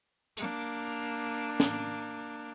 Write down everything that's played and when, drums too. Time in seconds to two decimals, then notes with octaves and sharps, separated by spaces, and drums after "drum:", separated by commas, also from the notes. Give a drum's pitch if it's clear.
0.37 A#3 D4, drum: hi-hat
1.60 drum: snare